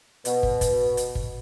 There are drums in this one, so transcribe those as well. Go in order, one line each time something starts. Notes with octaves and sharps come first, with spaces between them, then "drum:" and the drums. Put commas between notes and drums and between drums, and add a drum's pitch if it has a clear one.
B2, drum: hi-hat
drum: kick
drum: kick, hi-hat
drum: hi-hat
drum: kick